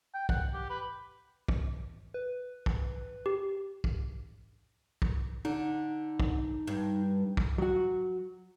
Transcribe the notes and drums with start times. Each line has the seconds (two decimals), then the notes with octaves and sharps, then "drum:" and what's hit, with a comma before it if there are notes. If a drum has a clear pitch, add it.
0.15 G5
0.29 F#5, drum: kick
0.54 G4
0.70 B4
1.48 drum: kick
2.14 B4
2.66 drum: kick
3.26 G4
3.84 drum: kick
5.02 drum: kick
5.45 D3 D#4
6.20 drum: kick
6.67 G2
7.37 drum: kick
7.58 F#3 F#4